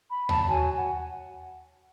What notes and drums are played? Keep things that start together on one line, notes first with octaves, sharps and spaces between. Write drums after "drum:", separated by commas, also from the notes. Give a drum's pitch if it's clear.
B5
A5, drum: tom D#2
F#4 C#5 G#5
F#5